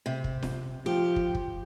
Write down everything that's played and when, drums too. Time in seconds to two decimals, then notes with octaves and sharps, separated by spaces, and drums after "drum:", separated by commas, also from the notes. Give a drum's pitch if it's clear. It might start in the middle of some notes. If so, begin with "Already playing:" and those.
0.06 C3
0.24 drum: kick
0.43 drum: snare
0.86 F3 G4
1.16 drum: kick
1.35 drum: kick